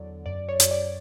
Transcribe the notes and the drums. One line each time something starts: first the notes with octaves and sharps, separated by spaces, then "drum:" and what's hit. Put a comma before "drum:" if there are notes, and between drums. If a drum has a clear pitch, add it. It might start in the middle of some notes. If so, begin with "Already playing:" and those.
Already playing: E2 D3 F#3 D5
F#2 D5
C#5
F#2, drum: hi-hat
D5